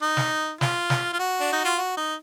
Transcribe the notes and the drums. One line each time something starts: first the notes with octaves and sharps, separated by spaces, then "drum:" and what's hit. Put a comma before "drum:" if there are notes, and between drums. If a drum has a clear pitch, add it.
D#4
drum: snare
F4, drum: snare
drum: snare
F4
F#4
D4
D#4
F4
F#4
D#4